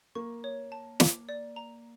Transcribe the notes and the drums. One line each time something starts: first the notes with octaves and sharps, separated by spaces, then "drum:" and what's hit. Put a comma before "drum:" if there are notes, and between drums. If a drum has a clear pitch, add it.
A#3 C#6
C#5
A5
D6, drum: snare
D5
A#5